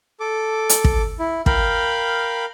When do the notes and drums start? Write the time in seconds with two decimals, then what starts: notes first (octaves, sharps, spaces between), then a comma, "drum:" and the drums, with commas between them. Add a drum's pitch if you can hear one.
0.20 A4 D6
0.69 drum: hi-hat
0.84 drum: kick
1.19 E4
1.46 A#4 F5 G5 B5, drum: kick